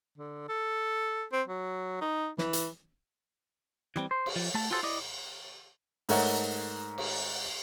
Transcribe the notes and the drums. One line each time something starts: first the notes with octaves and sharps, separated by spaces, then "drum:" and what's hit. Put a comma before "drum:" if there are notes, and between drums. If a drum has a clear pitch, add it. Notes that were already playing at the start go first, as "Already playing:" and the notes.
D3
A4
C4
F#3
D#4
E3, drum: snare
drum: hi-hat
E3 G3 C4, drum: rim click
C5
drum: cymbal
F3
A3 A5
F4 F#4 G#4 A4 B4 C5
E4 D5 D#5
G#2 A3 A#4 C#5 F#5, drum: open hi-hat
drum: cymbal